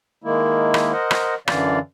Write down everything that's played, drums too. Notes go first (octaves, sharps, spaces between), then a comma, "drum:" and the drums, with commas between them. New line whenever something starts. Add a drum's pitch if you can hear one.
D#3 G#3 A#3 E4
drum: rim click
A#4 C5 D#5 F#5
drum: rim click
F#2 D3 E3 D5 F5, drum: rim click